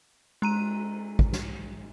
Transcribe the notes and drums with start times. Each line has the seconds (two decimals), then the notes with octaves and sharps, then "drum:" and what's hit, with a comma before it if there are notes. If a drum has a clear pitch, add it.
0.42 G#3 A#5 D#7, drum: cymbal
1.19 drum: kick
1.32 drum: snare